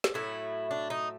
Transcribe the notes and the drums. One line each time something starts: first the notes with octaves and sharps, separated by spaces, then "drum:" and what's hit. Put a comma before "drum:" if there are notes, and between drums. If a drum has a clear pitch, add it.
drum: snare
A2 F#3 A3 E4
D4
D#4